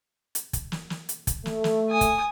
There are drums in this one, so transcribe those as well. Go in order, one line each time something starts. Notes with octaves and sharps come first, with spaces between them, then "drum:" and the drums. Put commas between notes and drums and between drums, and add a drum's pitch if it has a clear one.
drum: hi-hat
drum: kick, hi-hat
drum: snare
drum: snare
drum: hi-hat
drum: kick, hi-hat
A3, drum: snare
drum: snare
G#5 D#6
drum: kick, hi-hat